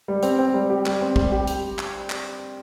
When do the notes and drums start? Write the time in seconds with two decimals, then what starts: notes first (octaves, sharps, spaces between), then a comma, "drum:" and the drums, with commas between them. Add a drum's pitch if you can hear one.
0.08 G3
0.23 C4, drum: hi-hat
0.39 C4
0.54 G3
0.70 G4
0.86 G3, drum: clap
1.01 C4
1.16 G3, drum: kick
1.32 G4
1.47 drum: hi-hat
1.79 drum: clap
2.10 drum: clap